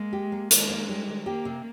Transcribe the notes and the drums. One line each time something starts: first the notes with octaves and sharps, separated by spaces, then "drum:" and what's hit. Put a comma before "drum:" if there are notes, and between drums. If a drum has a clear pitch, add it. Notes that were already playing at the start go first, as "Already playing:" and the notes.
Already playing: G#3 A#3
G4
A#3
D#3 G#3, drum: hi-hat
A#3
G3
D#3
A#3 G4
C3